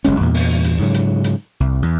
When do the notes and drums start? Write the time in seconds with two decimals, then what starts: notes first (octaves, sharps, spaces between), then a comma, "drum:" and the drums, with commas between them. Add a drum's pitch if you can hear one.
0.05 F#1 G#3 C#4, drum: hi-hat
0.20 E2 G2 A#2
0.34 drum: open hi-hat
0.64 drum: hi-hat
0.79 G#2 C#3 F#3
0.94 drum: hi-hat
1.24 drum: hi-hat
1.60 C2
1.82 E2